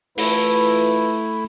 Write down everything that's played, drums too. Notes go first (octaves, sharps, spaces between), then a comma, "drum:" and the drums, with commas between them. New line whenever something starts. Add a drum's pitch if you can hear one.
E3 A3 E4 F4 B4, drum: open hi-hat